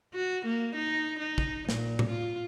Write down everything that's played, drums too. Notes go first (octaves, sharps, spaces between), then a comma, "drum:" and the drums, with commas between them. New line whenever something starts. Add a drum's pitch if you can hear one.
F#4
A#3
D#4
D#4
drum: kick
A#2, drum: snare
drum: tom A2
F4